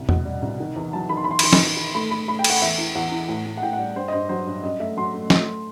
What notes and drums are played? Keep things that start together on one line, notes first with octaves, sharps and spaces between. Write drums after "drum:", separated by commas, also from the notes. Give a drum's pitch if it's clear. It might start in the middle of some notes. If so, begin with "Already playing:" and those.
Already playing: C2
B2, drum: tom E2
G3
C2
D#3
E2
F#3 A5
D#3 B5
C6
B5
E2 C6
B5, drum: cymbal
D#3 C6
B5, drum: snare
E2
D#3
A3 B5
A3 B5
A3 B5
G5
A3, drum: cymbal
F#5
E2 E5
E3
E2 F#5
E3
A2
A2
F#5
A2 G5
F#5
G3
G2 C5
D#5
G2 C5
F#3 C5
G2
F#2 D#5
A3 E5
F#3 C6
A3
A3, drum: snare